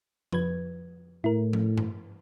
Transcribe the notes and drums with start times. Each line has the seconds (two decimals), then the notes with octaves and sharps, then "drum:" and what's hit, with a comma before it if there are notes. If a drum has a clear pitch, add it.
0.32 F3 B4 G#6, drum: tom F2
1.24 A2 E4 A#4
1.53 drum: tom F3
1.78 drum: tom G2